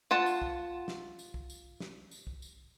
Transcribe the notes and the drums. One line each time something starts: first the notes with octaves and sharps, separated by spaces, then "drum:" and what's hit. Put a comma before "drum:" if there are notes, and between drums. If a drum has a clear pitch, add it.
F4 F#5 A5
drum: tambourine
drum: kick
drum: snare
drum: tambourine
drum: kick
drum: tambourine
drum: snare
drum: tambourine
drum: kick
drum: tambourine